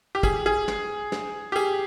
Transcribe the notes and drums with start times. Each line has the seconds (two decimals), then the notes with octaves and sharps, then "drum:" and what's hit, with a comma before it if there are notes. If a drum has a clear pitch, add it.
0.15 G4
0.23 G#4, drum: kick, tambourine
0.46 G#4
0.68 drum: snare
1.12 drum: snare
1.52 G4
1.56 G#4, drum: tambourine